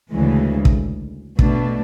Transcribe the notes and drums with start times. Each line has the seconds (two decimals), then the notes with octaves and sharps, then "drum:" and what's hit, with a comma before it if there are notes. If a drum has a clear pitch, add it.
0.11 D2 C#3 E3 G#3
0.65 drum: kick
1.39 B2 A3 D4, drum: kick